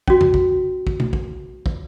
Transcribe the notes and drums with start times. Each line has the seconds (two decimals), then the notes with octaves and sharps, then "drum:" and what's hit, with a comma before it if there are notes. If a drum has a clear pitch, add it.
0.08 C#4 F#4, drum: kick
0.21 drum: tom
0.34 drum: kick
0.87 drum: kick
1.00 drum: tom
1.13 drum: kick
1.66 drum: kick